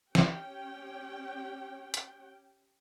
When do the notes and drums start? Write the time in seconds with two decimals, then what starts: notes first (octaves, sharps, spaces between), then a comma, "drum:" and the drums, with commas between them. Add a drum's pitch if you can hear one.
0.15 C#4 G4 G5, drum: snare
1.94 drum: hi-hat